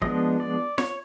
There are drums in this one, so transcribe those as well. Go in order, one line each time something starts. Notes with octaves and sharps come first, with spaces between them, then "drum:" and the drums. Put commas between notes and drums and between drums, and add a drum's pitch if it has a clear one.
F3 G#3 B3 D4 D#5, drum: kick
D5
C#5, drum: snare F4